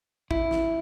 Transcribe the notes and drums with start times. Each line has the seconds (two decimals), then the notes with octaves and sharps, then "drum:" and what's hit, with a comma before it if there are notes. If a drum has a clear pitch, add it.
0.31 E4, drum: kick
0.51 drum: snare